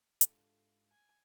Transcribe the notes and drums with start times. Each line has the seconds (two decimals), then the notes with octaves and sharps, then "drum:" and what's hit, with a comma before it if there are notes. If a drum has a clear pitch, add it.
0.21 G#2 D4 F4 G4 A4, drum: hi-hat
0.91 G#5